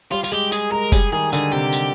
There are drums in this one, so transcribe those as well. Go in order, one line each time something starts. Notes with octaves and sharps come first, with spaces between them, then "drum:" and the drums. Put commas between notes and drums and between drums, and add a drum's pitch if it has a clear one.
G3 F4
F4, drum: tambourine
G#3 G4
G#4, drum: tambourine
G#3 A#4
G3 G#4, drum: kick F1, tambourine
D#3 G#4
D3 G#4, drum: tambourine
C3 G4
drum: tambourine